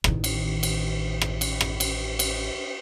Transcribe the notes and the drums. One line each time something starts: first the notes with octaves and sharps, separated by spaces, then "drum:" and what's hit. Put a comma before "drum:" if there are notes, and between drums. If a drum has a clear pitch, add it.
A1 D#3, drum: rim click
drum: cymbal
drum: cymbal
drum: rim click
drum: cymbal
drum: rim click
drum: cymbal
drum: cymbal